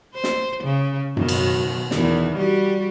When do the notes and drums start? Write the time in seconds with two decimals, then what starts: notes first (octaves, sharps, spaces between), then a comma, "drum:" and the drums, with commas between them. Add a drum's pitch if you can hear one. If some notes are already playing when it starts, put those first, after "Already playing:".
0.14 C5
0.24 drum: snare
0.64 C#3
1.17 B2 D#3 F#3, drum: tom F#2
1.29 drum: cymbal
1.91 E2 D#3, drum: snare
2.35 G3 F#4 G4